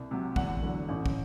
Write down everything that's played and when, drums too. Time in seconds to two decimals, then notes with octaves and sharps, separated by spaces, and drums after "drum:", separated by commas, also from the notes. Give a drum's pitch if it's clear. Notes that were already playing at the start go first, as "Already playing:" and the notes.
Already playing: C2
0.11 C3 F#3
0.36 E2 F#5, drum: kick
0.63 D3 F#3
0.89 A1
1.06 drum: kick